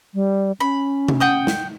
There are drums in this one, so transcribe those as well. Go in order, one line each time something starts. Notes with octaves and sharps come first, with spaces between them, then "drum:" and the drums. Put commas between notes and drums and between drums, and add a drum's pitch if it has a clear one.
G3
C#4 B5
drum: tom C3
F#5 G5 D#6
drum: snare